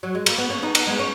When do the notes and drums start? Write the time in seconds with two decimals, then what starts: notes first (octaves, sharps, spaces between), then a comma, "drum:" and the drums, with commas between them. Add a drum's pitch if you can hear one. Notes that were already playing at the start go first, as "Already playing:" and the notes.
0.03 F#3
0.15 G#3
0.26 A#3, drum: cymbal
0.38 B3
0.50 A#3 C#4
0.62 B3 D#4
0.75 B3 D#4, drum: cymbal
0.87 G#3 B3
0.99 C#4